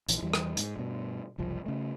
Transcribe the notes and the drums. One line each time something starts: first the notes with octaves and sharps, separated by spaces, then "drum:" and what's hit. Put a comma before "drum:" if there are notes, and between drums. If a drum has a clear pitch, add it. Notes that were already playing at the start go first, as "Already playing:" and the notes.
A#1 E3, drum: hi-hat
E2 E3 G3
drum: rim click
G#2, drum: hi-hat
G2 B2
F#1 C2 F3
C#3 A3